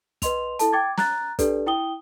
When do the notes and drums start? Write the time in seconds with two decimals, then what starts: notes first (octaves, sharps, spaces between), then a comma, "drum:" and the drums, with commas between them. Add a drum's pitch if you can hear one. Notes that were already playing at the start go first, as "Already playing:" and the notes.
0.22 B4 D#5 C6 F7, drum: kick, hi-hat
0.59 E4 A4 A5, drum: hi-hat
0.73 G5 D6 G#6 A6
0.97 A#5 F#6 A6, drum: snare
1.39 D4 G4 A4 B4 D5, drum: kick, hi-hat
1.66 E4 G5 D#6 G7